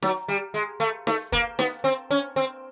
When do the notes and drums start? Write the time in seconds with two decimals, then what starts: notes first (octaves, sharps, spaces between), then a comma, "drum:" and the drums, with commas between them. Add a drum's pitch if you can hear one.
0.02 F#3, drum: snare
0.28 G3
0.54 G#3
0.80 A3
1.07 A3, drum: snare
1.32 A#3, drum: kick
1.59 B3, drum: snare
1.84 C4
2.11 C#4
2.36 C4